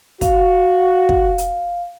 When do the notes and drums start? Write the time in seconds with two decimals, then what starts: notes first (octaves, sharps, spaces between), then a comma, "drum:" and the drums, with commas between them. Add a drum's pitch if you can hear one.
0.21 F#4 F5, drum: kick, hi-hat
1.09 drum: kick
1.38 drum: hi-hat